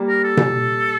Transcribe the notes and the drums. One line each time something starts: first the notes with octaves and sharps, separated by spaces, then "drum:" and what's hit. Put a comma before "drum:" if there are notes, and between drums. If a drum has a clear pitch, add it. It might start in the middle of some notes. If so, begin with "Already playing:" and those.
Already playing: G3 A#3
A#4
A4
drum: tom B2